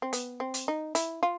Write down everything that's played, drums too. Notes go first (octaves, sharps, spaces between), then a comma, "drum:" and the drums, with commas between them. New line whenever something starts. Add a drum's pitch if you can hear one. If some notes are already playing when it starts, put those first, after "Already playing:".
C4
B3, drum: hi-hat
C4
drum: hi-hat
D#4
E4, drum: hi-hat
F4